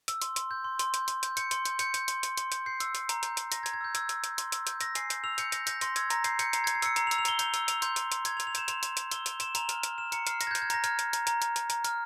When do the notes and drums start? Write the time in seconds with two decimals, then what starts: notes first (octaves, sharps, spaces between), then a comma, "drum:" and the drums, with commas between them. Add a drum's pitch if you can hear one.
0.08 E6, drum: hi-hat
0.22 C6, drum: hi-hat
0.36 C6, drum: hi-hat
0.51 G6
0.64 C6
0.79 C6, drum: hi-hat
0.94 G6, drum: hi-hat
1.08 C6, drum: hi-hat
1.23 G6, drum: hi-hat
1.37 G6 C#7, drum: hi-hat
1.51 C6, drum: hi-hat
1.65 G6, drum: hi-hat
1.79 G6 C#7, drum: hi-hat
1.94 G6, drum: hi-hat
2.08 C6, drum: hi-hat
2.23 C6, drum: hi-hat
2.37 C6, drum: hi-hat
2.52 G6, drum: hi-hat
2.66 G6 C7
2.80 E6, drum: hi-hat
2.95 E6, drum: hi-hat
3.09 A#5, drum: hi-hat
3.23 G6, drum: hi-hat
3.37 A#5, drum: hi-hat
3.52 A#5 A#6, drum: hi-hat
3.63 G#6
3.66 A#5, drum: hi-hat
3.74 G#6
3.81 E6 G6
3.95 E6 G#6, drum: hi-hat
4.09 E6, drum: hi-hat
4.24 G6, drum: hi-hat
4.38 C6, drum: hi-hat
4.52 E6, drum: hi-hat
4.67 G6, drum: hi-hat
4.81 E6 A#6, drum: hi-hat
4.95 G#5 C7, drum: hi-hat
5.10 G6, drum: hi-hat
5.24 E6 F7
5.38 G6 C#7, drum: hi-hat
5.52 G6 A#6, drum: hi-hat
5.67 G6 A#6, drum: hi-hat
5.81 C6 A#6, drum: hi-hat
5.96 E6 G#6, drum: hi-hat
6.10 A#5 A#6, drum: hi-hat
6.24 G6 C7, drum: hi-hat
6.39 G6 C#7, drum: hi-hat
6.53 A#5 C7, drum: hi-hat
6.64 G#6
6.67 G6, drum: hi-hat
6.75 C7
6.82 E6 C#7, drum: hi-hat
6.96 A#5 C7, drum: hi-hat
7.07 F7
7.11 E6, drum: hi-hat
7.18 F7
7.25 A#5 G7, drum: hi-hat
7.39 G6 F7, drum: hi-hat
7.54 E6 G7, drum: hi-hat
7.68 E6 F7, drum: hi-hat
7.82 C6 G6, drum: hi-hat
7.96 G6, drum: hi-hat
8.12 C6, drum: hi-hat
8.25 C6 G#6, drum: hi-hat
8.37 F7
8.40 E6, drum: hi-hat
8.47 F7
8.55 G6 E7, drum: hi-hat
8.68 C6 F7, drum: hi-hat
8.83 C6, drum: hi-hat
8.97 G6, drum: hi-hat
9.11 E6 G7, drum: hi-hat
9.26 G6 F7, drum: hi-hat
9.40 C6 E7, drum: hi-hat
9.55 A#5 F7, drum: hi-hat
9.69 F6, drum: hi-hat
9.83 F6, drum: hi-hat
9.98 F6 E7
10.12 A#5 C#7, drum: hi-hat
10.27 F6 C7, drum: hi-hat
10.41 F6 A#6, drum: hi-hat
10.47 G#6
10.51 G6
10.55 F6, drum: hi-hat
10.62 G#6
10.70 A#5 A#6, drum: hi-hat
10.84 F6 G#6, drum: hi-hat
10.99 F6, drum: hi-hat
11.13 A#5, drum: hi-hat
11.27 A#5, drum: hi-hat
11.42 F6, drum: hi-hat
11.56 A#5, drum: hi-hat
11.70 A#5, drum: hi-hat
11.84 F6, drum: hi-hat